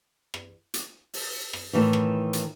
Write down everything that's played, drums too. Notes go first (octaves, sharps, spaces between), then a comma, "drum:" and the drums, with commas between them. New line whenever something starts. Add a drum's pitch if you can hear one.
drum: rim click
drum: hi-hat
drum: open hi-hat
drum: rim click
A2 D#3 E3
drum: rim click
drum: hi-hat